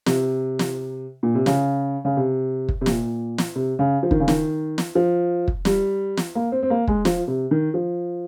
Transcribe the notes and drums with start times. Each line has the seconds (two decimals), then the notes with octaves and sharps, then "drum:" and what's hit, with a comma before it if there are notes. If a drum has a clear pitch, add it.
0.06 C3, drum: snare
0.59 drum: snare
1.23 A#2
1.35 C3
1.46 C#3, drum: snare
2.05 C#3
2.17 C3
2.69 drum: kick
2.81 C3
2.86 A#2, drum: snare
3.38 drum: snare
3.56 C3
3.79 C#3
4.03 F3
4.11 D#3, drum: kick
4.20 C#3
4.28 D#3, drum: snare
4.78 drum: snare
4.95 F3
5.48 drum: kick
5.65 G3, drum: snare
6.17 drum: snare
6.35 A#3
6.52 C4
6.63 C4
6.70 A#3
6.88 G#3, drum: kick
7.05 F3, drum: snare
7.27 C3
7.51 D#3
7.74 F3